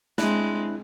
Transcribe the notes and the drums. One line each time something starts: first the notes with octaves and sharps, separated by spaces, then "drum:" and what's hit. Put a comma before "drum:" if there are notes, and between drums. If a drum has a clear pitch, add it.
G#3 C4 D4 E4 F#6, drum: snare